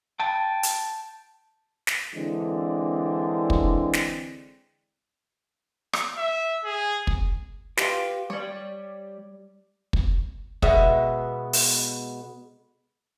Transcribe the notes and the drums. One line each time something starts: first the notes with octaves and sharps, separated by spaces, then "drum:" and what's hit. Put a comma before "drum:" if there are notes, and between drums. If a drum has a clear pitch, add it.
G5 A5
drum: hi-hat
drum: snare
D3 E3 G#3 C4 D4
drum: kick
drum: snare
drum: rim click
E5
G#4
drum: kick
F4 G4 B4, drum: snare
G3 C#5 D5
drum: kick
B2 G#3 B3 E5, drum: kick
drum: open hi-hat